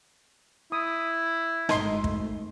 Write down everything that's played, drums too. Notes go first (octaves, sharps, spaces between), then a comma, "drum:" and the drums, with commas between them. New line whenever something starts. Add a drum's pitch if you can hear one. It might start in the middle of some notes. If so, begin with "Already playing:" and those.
E4 D#6
G#1 G#2 A3 D#4 C6, drum: rim click
drum: kick